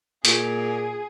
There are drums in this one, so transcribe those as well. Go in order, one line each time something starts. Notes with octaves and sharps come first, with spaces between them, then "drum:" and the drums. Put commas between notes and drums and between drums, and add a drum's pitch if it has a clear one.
A#2 F4 G#4 D7, drum: hi-hat